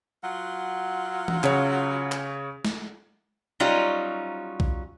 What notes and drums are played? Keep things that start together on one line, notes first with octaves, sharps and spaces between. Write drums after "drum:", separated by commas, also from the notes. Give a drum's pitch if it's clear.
F#3 F4 F#5
drum: tom E3
C#3 C#5, drum: clap
drum: clap
drum: snare
F#3 G3 C#4 D#4 F4
drum: kick B1